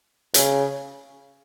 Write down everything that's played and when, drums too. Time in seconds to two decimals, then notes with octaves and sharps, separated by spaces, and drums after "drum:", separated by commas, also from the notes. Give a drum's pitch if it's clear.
0.34 C#3, drum: hi-hat